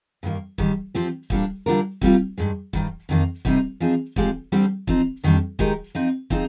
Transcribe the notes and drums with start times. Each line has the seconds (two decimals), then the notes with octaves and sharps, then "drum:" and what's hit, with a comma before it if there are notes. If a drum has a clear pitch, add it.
0.23 G2 D#3 A#3
0.58 G#2 D#3 G3, drum: kick
0.95 F3 C4 G4
1.30 A#2 G3 A#3 D4, drum: kick
1.66 D3 G3 D4 F4 A#4
2.02 C3 G3 A#3 F4, drum: kick
2.38 G2 D#3 G#3
2.73 G2 D#3 G3, drum: kick
3.09 F2 D#3 A#3
3.45 D2 C3 G3 C4 D#4, drum: kick
3.80 F3 C4 D#4 G#4
4.16 G#2 F3 G#3 C4 G4, drum: kick
4.52 D2 D3 G3 C4 G4
4.87 F3 C4 D#4, drum: kick
5.24 F2 D#3 G3 D4
5.59 D#3 G#3 D#4 G4 A#4, drum: kick
5.95 F3 C4 D#4
6.30 F3 C4 D#4 G#4, drum: kick